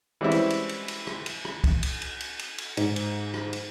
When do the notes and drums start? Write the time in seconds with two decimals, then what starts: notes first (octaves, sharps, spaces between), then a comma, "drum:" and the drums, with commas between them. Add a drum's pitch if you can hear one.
0.21 E3 G3 G#3 C4 C#4 E4
0.31 drum: cymbal
0.50 drum: cymbal
0.69 drum: cymbal
0.88 drum: cymbal
1.07 drum: rim click
1.26 drum: cymbal
1.45 drum: rim click
1.64 drum: kick, cymbal
1.83 drum: cymbal
2.02 drum: cymbal
2.20 drum: cymbal
2.39 drum: cymbal
2.58 drum: cymbal
2.77 G#2, drum: cymbal
2.96 drum: cymbal
3.34 drum: rim click
3.53 drum: cymbal